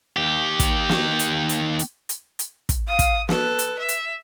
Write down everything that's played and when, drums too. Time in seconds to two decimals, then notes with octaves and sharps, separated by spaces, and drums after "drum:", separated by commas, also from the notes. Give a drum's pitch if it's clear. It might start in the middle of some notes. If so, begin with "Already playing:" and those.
0.17 D#2 G4
0.59 drum: kick, hi-hat
0.89 drum: snare
1.19 drum: hi-hat
1.49 drum: hi-hat
1.79 drum: hi-hat
2.09 drum: hi-hat
2.39 drum: hi-hat
2.69 drum: kick, hi-hat
2.88 F5 D#6
2.99 drum: kick, hi-hat
3.29 A4 B4, drum: snare
3.59 drum: hi-hat
3.79 E5
3.89 drum: hi-hat